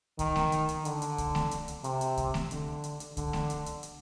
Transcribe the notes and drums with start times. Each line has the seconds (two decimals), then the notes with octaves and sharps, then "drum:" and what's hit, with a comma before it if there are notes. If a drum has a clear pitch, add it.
0.19 D#3, drum: kick C2, hi-hat
0.36 drum: snare A3
0.52 drum: hi-hat
0.69 drum: hi-hat
0.85 D3, drum: hi-hat
1.02 drum: hi-hat
1.18 drum: kick C2, hi-hat
1.35 drum: snare A3
1.51 drum: hi-hat
1.68 drum: hi-hat
1.84 C3, drum: hi-hat
2.01 drum: hi-hat
2.17 drum: kick C2, hi-hat
2.34 drum: snare A3
2.51 D3, drum: hi-hat
2.84 drum: hi-hat
3.00 drum: hi-hat
3.17 D3, drum: kick C2, hi-hat
3.33 drum: snare A3
3.50 drum: hi-hat
3.66 drum: hi-hat
3.83 drum: hi-hat